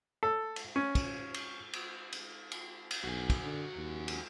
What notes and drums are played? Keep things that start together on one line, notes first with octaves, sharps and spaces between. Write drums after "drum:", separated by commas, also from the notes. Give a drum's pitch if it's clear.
A4
drum: cymbal
C#4
drum: kick, cymbal
drum: cymbal
drum: cymbal
drum: cymbal
drum: cymbal
drum: cymbal
B1 F#4 G#5
drum: kick, cymbal
D3
D#2
drum: cymbal